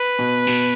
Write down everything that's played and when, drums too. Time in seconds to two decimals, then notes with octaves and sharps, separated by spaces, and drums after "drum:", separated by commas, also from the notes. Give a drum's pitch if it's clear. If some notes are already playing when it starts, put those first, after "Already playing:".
Already playing: B4
0.19 B2
0.47 B2, drum: cymbal